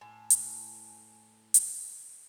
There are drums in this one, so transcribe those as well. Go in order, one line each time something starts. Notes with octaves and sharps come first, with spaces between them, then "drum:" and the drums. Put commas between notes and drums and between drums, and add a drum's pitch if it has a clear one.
A2 G#5
drum: hi-hat
drum: hi-hat